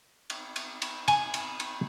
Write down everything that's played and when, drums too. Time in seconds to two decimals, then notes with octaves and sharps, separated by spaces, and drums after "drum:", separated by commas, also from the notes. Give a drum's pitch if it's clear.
0.30 drum: cymbal
0.56 drum: cymbal
0.82 drum: cymbal
1.08 G#5, drum: cymbal
1.34 drum: cymbal
1.60 drum: cymbal